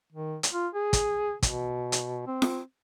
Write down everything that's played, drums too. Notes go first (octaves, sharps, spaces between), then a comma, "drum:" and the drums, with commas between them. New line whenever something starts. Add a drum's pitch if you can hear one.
D#3
drum: hi-hat
F4
G#4
drum: kick, hi-hat
B2, drum: kick, hi-hat
drum: hi-hat
C4
drum: snare F4